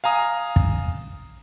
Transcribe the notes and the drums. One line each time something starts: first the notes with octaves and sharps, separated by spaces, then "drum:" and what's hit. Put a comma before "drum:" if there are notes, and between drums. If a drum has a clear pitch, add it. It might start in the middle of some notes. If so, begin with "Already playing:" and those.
F5 G#5 A#5 D#6
drum: kick